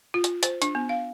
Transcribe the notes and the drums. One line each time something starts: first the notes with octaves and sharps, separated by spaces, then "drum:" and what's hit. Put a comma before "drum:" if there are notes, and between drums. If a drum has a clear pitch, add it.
F4
drum: hi-hat
C5, drum: hi-hat
D4, drum: hi-hat
B3
F5